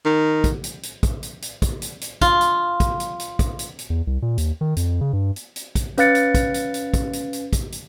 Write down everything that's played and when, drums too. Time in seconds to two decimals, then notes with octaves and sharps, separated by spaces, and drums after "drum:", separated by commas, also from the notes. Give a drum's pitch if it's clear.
0.05 D#3
0.44 drum: kick, hi-hat
0.64 drum: hi-hat
0.83 drum: hi-hat
1.03 drum: kick, hi-hat
1.23 drum: hi-hat
1.42 drum: hi-hat
1.62 drum: kick, hi-hat
1.82 drum: hi-hat
2.01 drum: hi-hat
2.21 F4, drum: kick, hi-hat
2.41 drum: hi-hat
2.80 drum: kick, hi-hat
3.00 drum: hi-hat
3.20 drum: hi-hat
3.39 drum: kick, hi-hat
3.59 drum: hi-hat
3.79 drum: hi-hat
3.90 E2
4.07 C2
4.22 A#2
4.38 D#2, drum: hi-hat
4.61 D#3
4.77 F2, drum: hi-hat
5.01 C#3
5.13 G2
5.36 drum: hi-hat
5.56 drum: hi-hat
5.75 drum: kick, hi-hat
5.98 C#4 B4 F5 F#6 A6 C#7, drum: hi-hat
6.15 drum: hi-hat
6.35 drum: kick, hi-hat
6.54 drum: hi-hat
6.74 drum: hi-hat
6.94 drum: kick, hi-hat
7.13 drum: hi-hat
7.33 drum: hi-hat
7.53 drum: kick, hi-hat
7.72 drum: hi-hat